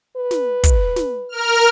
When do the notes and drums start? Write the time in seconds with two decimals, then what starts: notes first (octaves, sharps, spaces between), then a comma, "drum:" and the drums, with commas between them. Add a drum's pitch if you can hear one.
0.17 B4
0.31 drum: snare
0.64 drum: kick, hi-hat
0.96 drum: snare
1.29 A#4 F6